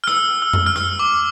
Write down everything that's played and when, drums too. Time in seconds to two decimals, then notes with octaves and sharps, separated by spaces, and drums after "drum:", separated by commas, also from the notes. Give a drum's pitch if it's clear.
0.04 F6
0.07 E6, drum: rim click
0.42 E6
0.53 drum: tom F2
0.66 F6
0.76 E6, drum: rim click
0.99 D6